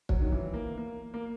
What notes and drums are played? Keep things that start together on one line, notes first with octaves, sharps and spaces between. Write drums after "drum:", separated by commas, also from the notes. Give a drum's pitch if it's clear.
F#3, drum: kick
D#3
E3
A#3
A#3
A#3